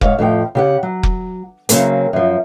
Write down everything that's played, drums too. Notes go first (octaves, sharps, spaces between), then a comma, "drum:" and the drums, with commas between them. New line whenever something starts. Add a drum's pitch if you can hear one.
G#2 C#5 F5, drum: kick F1
F2 A2 F3 G5
C#3 G4 F#5
F#3
drum: kick F1
C#3 F#3 A#3 C4, drum: hi-hat
F#2 F3